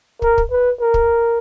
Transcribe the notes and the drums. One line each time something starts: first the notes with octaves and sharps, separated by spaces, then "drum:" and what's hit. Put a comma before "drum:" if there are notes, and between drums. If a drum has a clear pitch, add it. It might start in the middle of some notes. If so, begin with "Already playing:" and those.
A#4, drum: kick
drum: kick
B4
A#4
drum: kick